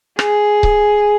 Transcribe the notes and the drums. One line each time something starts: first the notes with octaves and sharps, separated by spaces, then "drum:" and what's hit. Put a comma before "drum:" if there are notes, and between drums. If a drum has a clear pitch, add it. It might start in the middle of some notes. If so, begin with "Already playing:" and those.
G#4, drum: rim click
drum: kick C#1